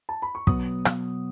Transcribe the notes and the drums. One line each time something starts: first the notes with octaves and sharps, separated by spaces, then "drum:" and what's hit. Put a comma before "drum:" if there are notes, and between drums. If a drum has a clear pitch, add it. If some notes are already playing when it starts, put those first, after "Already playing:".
A5
B5
C#6
B2 F#3 B3 D#6, drum: kick
drum: rim click